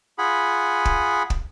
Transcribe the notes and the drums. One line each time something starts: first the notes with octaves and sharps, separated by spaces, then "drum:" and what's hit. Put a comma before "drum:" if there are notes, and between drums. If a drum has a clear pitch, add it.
F4 G#4 F#5 G#5 B5
drum: kick
drum: kick